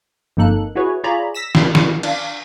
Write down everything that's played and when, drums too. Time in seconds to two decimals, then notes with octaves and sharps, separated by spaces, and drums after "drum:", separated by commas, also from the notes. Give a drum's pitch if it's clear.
0.37 G1 F2 A#3 D#4 A4 F#6
0.75 E4 F#4 G#4 B4 C#5
1.04 F4 G#4 C#5 D5 A#5 B5
1.35 E6 A#6 B6 E7
1.55 drum: snare
1.75 drum: snare
2.03 D4 D5 F5, drum: cymbal